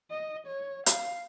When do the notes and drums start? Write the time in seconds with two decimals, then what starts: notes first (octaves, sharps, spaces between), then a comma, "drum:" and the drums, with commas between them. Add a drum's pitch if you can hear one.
0.10 D#5
0.46 C#5
0.86 F5, drum: hi-hat